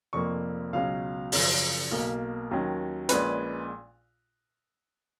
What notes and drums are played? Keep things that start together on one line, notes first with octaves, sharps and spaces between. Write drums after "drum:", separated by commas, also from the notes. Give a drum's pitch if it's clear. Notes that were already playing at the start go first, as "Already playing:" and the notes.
F1 F2 F3 A#3 C#6
C#2 B2 F#3 C#4 F5
G#1 F#2 C#3 F3, drum: open hi-hat
B1 B2 A#3
D#2 D#3 F#3 C#4
A#1 A#2 G#3 C#4 B4, drum: hi-hat